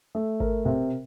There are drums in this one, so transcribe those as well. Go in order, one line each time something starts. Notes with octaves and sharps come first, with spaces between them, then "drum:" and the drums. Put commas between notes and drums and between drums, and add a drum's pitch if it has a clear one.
A3
A#4, drum: kick G#1
C3